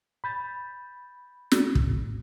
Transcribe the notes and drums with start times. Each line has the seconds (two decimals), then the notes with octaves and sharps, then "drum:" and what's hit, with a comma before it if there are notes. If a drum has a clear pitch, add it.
0.24 B5 G6 A6
1.52 drum: snare
1.75 A2, drum: kick